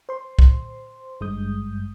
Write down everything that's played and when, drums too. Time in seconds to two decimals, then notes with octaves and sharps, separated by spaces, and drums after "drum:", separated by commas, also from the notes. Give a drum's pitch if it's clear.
0.09 C5 C6
0.39 drum: kick
1.21 G#1 G2 G#3 D#6 G6